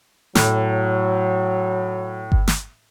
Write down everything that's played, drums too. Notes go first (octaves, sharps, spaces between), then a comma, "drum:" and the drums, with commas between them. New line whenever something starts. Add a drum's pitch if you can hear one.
A2 F#3, drum: snare
drum: kick G1
drum: snare